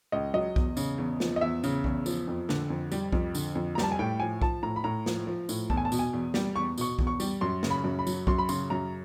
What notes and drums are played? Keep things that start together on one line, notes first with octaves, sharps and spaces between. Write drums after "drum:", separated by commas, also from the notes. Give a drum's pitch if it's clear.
C#2 D#5
F#3 D#5
E2, drum: kick B1
C#3, drum: tambourine
E2
F3, drum: snare
D#5
E2 E5
C#3, drum: tambourine
E2, drum: kick B1
F3, drum: tambourine
F2
D3, drum: snare
F2
G3, drum: tambourine
F2, drum: kick B1
D3, drum: tambourine
F2
A#5
G3 A5, drum: snare
G#5
A2 G5
F3 G#5
F3 A5, drum: kick B1
A2 A#5
B5
A2 A#5
F3, drum: snare
F3
A2, drum: tambourine
E2 A5, drum: kick B1
G#5
A5
B2, drum: tambourine
G#5
E2
G3, drum: snare
E2 C#6
B2 C#6, drum: tambourine
E2, drum: kick B1
C#6
G3, drum: tambourine
F#2 C6
C#3, drum: snare
B5
F#2
B5
F#3, drum: tambourine
F#2 C6, drum: kick B1
B5
C#3 C6, drum: tambourine
F#2 A#5